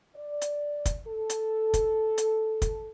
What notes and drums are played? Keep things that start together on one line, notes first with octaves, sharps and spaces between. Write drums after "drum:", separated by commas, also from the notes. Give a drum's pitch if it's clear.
D5
drum: hi-hat
drum: kick, hi-hat
A4
drum: hi-hat
drum: kick, hi-hat
drum: hi-hat
drum: kick, hi-hat